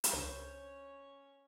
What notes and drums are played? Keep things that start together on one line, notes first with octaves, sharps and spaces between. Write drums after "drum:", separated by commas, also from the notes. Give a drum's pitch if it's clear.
drum: hi-hat
C#2 C#4 D4 C5 C#5